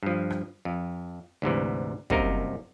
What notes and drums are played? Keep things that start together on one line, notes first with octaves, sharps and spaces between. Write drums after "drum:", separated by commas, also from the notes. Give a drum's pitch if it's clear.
G2 F3
drum: rim click
F2
D2 G#2 C3 E3
C2 F#2 C3 A#3 D#4 A#4, drum: kick